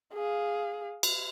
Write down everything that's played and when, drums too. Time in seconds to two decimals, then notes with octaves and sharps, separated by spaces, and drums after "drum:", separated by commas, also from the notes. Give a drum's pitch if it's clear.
0.14 G#4 F5
1.03 drum: cymbal